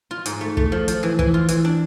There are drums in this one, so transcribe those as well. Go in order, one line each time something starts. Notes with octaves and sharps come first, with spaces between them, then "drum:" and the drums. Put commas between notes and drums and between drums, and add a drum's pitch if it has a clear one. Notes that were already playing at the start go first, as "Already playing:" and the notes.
F4
G#2, drum: hi-hat
A3
A3, drum: kick
F3
F3, drum: hi-hat
E3
E3, drum: kick
F4
E3, drum: hi-hat
D4